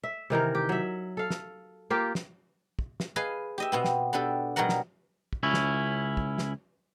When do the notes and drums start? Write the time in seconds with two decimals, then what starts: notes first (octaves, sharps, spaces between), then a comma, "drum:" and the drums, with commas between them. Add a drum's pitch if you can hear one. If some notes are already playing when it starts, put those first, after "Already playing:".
0.04 E5
0.30 C3 D#3 E3 A#4
0.55 G4
0.69 F#3 E5
1.17 A4 F5
1.30 drum: snare
1.90 A#3 F4 G4
2.15 drum: snare
2.79 drum: kick
3.00 drum: snare
3.16 G#4 B4 D#5 F5
3.58 G4 D#5 E5
3.72 B2 B3 C4
3.84 drum: snare
4.13 B3 D4 G4 A4
4.56 B2 F#3 G3 A#4 F#5
4.69 drum: snare
5.33 drum: kick
5.43 C#2 C#4 E4
5.54 drum: snare
6.17 drum: kick
6.38 drum: snare